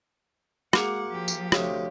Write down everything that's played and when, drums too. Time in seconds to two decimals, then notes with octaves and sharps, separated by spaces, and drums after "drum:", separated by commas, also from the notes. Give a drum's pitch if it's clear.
0.73 G#3 A#3 F#4 G#4 F#5 D6 C7, drum: rim click
1.08 F3 G4
1.28 drum: tambourine
1.52 D2 C3 C#5 D#5 F5, drum: rim click